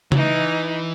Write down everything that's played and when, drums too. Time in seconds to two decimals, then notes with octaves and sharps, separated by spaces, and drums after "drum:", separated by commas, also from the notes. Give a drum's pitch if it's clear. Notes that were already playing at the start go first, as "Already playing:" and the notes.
0.12 F#3, drum: tom C#3
0.16 E3 D#4